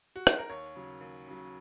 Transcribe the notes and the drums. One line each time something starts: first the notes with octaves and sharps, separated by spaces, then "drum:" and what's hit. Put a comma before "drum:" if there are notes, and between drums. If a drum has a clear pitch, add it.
F#4
G#4, drum: rim click
A#4
D#2 C#5
C#3 F#3
D#2
C#3 F#3